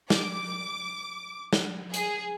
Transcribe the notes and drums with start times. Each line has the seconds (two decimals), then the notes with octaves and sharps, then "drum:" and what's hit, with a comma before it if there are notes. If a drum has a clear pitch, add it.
0.10 D6, drum: snare
1.53 drum: snare
1.94 G#4, drum: hi-hat